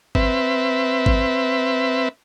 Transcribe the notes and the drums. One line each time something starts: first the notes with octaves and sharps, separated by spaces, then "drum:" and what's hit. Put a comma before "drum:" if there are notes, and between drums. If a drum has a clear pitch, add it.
C4 B4 E5, drum: kick G#1
drum: kick G#1